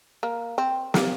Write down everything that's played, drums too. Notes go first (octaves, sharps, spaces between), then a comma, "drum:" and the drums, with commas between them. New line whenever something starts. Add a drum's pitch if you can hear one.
A#3
C4
A#3, drum: snare